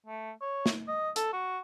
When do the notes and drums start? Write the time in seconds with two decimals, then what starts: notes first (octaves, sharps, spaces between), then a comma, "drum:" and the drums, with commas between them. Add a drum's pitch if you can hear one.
0.07 A3
0.41 C#5
0.66 drum: snare
0.88 D#5
1.16 A4, drum: hi-hat
1.33 F#4